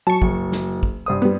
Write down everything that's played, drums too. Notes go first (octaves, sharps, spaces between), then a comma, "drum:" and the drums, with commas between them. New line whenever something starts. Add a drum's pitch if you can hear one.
F#3 A5 C#6
F#1, drum: kick
drum: snare
drum: kick
G2 C5 D#6
G3 B3